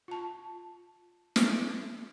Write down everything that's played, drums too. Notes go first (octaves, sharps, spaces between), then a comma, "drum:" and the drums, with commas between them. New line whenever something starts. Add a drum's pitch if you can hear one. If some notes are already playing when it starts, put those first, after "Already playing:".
F4 A5
drum: snare